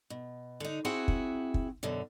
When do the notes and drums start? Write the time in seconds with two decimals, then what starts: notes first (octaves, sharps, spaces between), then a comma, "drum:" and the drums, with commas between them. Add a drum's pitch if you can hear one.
0.10 B2
0.60 D3 D#4
0.85 C4 E4 F#4 G#4 F#5
1.08 drum: kick
1.54 drum: kick
1.83 F#2 B2 D3